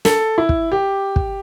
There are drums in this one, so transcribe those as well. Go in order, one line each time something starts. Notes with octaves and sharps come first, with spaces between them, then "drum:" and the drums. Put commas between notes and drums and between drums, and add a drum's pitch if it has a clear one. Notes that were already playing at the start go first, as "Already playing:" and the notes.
A4, drum: snare
E4
drum: kick
G4
drum: kick